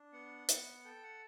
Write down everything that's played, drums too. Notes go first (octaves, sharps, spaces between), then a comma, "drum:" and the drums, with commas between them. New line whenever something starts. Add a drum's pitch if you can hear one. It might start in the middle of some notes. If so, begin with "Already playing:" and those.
Already playing: D4
B3 F#5
B3, drum: hi-hat
A4 G5
F#5